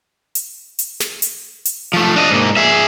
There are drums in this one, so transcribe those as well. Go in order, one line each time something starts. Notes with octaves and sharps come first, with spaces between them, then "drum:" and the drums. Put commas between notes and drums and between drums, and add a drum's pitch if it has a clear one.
drum: hi-hat
drum: hi-hat
drum: snare
drum: hi-hat
drum: hi-hat
F3 A3
D4 D#5
G#2 A#3
G#4 E5